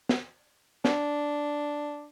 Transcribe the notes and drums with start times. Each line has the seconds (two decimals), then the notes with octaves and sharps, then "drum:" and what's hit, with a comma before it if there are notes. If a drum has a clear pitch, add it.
0.09 drum: snare
0.85 D4, drum: snare